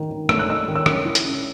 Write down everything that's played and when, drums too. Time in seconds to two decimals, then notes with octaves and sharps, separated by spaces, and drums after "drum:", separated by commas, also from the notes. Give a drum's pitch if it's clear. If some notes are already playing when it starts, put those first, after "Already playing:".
Already playing: D#3 D#4
0.11 D#3
0.29 A3 E6, drum: rim click
0.39 F#6
0.49 D#4 E6
0.68 D#3
0.75 E6
0.86 C#4 F#6, drum: rim click
1.05 E4
1.15 drum: hi-hat
1.24 C#3